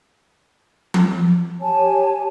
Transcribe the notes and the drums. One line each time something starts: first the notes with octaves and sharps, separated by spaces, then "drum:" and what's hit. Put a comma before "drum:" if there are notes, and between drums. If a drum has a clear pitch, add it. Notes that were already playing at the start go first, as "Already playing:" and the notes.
drum: tom F3
G4 C#5 G#5 A5